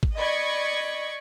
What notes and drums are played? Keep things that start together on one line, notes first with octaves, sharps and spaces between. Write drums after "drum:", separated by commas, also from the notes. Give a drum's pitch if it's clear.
drum: kick
D5 D#5 B5 C#6 G#6